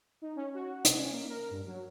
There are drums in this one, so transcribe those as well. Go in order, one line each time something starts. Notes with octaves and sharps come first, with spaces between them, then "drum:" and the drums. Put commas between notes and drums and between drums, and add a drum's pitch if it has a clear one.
D#4
C#4
F#4
C3, drum: hi-hat
C#4
A#3
A#4
G2
F#3